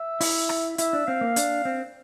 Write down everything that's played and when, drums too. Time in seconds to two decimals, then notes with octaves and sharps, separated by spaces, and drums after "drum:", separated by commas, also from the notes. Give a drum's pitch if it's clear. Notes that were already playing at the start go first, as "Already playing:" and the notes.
Already playing: E5
0.21 E4, drum: open hi-hat
0.49 drum: rim click
0.78 E4 E5, drum: hi-hat
0.93 D4
1.07 C4 F5
1.21 A#3
1.36 D4, drum: hi-hat
1.65 C4